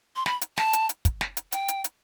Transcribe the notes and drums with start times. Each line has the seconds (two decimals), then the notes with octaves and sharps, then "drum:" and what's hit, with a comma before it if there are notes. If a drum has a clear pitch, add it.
0.16 C6
0.26 B5, drum: snare
0.42 drum: hi-hat
0.58 A5, drum: snare
0.73 drum: hi-hat
0.89 drum: hi-hat
1.05 drum: kick, hi-hat
1.21 drum: snare
1.37 drum: hi-hat
1.52 G5, drum: hi-hat
1.68 drum: hi-hat
1.84 drum: hi-hat